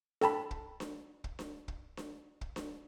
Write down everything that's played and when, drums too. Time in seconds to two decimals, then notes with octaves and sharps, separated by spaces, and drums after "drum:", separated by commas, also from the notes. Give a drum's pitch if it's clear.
0.21 A4 G5 A5 B5, drum: snare D4
0.51 drum: kick
0.80 drum: snare D4
1.24 drum: kick
1.39 drum: snare D4
1.68 drum: kick
1.97 drum: snare D4
2.41 drum: kick
2.56 drum: snare D4